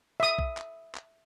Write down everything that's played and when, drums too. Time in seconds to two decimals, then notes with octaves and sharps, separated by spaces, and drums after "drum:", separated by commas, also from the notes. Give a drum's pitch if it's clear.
0.20 E5 D#6
0.39 drum: kick
0.57 drum: clap
0.95 drum: clap